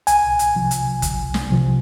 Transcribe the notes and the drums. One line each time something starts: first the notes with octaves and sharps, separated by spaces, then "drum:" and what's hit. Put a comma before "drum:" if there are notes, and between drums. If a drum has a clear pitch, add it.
C2 G#5, drum: hi-hat
drum: hi-hat
C3 F3
drum: hi-hat
C2, drum: kick, hi-hat
drum: snare
C3 F3